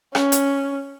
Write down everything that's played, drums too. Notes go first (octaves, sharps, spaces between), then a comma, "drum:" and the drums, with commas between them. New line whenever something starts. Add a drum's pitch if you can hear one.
C#4, drum: rim click
drum: hi-hat